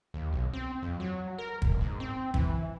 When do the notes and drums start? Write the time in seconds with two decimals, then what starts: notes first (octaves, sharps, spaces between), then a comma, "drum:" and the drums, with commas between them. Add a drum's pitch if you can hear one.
0.14 D#2
0.33 B1
0.53 C4
0.82 F2
1.00 F#3
1.38 A#4
1.62 E1, drum: kick
1.81 G#2
2.00 C4
2.34 E3, drum: kick